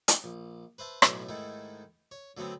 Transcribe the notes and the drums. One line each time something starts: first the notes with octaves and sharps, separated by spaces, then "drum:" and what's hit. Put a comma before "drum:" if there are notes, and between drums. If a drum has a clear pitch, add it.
drum: hi-hat
A#1
B4 C5 E5 A5
B1 A2 E5 G#5, drum: rim click
G#2 D#3 A3 E4
C#5
D3 F#3 A3 B3 C4